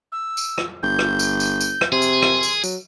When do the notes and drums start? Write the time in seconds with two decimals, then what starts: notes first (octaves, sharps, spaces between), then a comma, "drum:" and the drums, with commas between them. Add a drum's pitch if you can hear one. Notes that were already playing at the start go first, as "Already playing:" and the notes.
0.12 E6
0.37 drum: tambourine
0.58 drum: rim click
0.83 G1 G6
0.99 drum: rim click
1.19 drum: tambourine
1.40 drum: tambourine
1.61 drum: tambourine
1.81 drum: rim click
1.92 C3 G#4 C6
2.02 drum: tambourine
2.22 drum: rim click
2.43 drum: tambourine
2.64 F#3, drum: tambourine